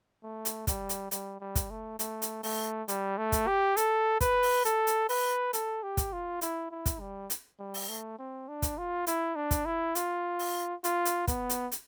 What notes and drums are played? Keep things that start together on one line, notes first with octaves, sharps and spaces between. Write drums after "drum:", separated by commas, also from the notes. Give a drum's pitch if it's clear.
A3
drum: hi-hat
G3, drum: kick, hi-hat
drum: hi-hat
G3, drum: hi-hat
G3
drum: kick, hi-hat
A3
A3, drum: hi-hat
drum: hi-hat
A3, drum: open hi-hat
G3, drum: hi-hat
A3
drum: kick, hi-hat
G4
A4, drum: hi-hat
B4, drum: kick, hi-hat
drum: open hi-hat
A4, drum: hi-hat
drum: hi-hat
B4, drum: open hi-hat
A4, drum: hi-hat
G4
drum: kick, hi-hat
F4
E4, drum: hi-hat
E4
drum: kick, hi-hat
G3
drum: hi-hat
G3
drum: open hi-hat
A3
C4
D4
drum: kick, hi-hat
F4
E4, drum: hi-hat
D4
drum: kick, hi-hat
E4
F4, drum: hi-hat
drum: open hi-hat
F4, drum: hi-hat
drum: hi-hat
B3, drum: kick, hi-hat
drum: hi-hat
drum: hi-hat